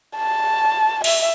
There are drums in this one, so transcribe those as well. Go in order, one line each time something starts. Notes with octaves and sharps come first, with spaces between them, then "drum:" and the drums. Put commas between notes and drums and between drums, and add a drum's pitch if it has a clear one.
A5
E5, drum: cymbal